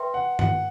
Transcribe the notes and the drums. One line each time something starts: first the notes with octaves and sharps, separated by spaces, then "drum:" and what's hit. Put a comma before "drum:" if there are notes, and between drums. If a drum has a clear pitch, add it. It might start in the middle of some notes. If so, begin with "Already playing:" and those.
Already playing: B4 E5 G5 C6
F#5
F#5, drum: tom G2